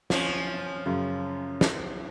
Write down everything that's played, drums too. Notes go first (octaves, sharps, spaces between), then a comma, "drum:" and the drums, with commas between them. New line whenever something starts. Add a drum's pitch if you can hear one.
F3 C#4, drum: snare
F#2 C#3
drum: snare